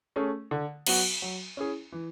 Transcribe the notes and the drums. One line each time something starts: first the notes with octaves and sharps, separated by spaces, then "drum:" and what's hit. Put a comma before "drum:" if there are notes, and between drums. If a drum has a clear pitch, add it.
A3 C#4 G#4
D3
F#3 B3 F#4, drum: cymbal
F#3
C#4 E4 G#4
E3